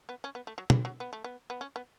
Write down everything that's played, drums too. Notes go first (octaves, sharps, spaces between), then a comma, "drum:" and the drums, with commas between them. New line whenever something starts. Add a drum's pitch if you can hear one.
B3
C#4
B3
A3
F#3
E3, drum: tom
F#3
B3
A3
B3
B3
C#4
B3